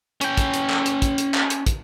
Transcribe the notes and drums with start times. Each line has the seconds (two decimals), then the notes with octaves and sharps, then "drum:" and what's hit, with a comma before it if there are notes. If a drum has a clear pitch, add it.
0.21 C#4 G5, drum: hi-hat
0.37 drum: kick, hi-hat
0.54 drum: hi-hat
0.70 drum: clap
0.86 drum: hi-hat
1.02 drum: kick, hi-hat
1.18 drum: hi-hat
1.34 drum: clap
1.50 drum: hi-hat
1.66 drum: kick, hi-hat